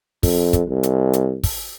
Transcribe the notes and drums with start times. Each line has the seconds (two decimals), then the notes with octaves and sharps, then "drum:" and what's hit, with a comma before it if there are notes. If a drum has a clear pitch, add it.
0.23 F2, drum: kick, open hi-hat
0.53 drum: kick, hi-hat
0.69 C2
0.83 drum: hi-hat
1.13 drum: hi-hat
1.44 drum: kick, open hi-hat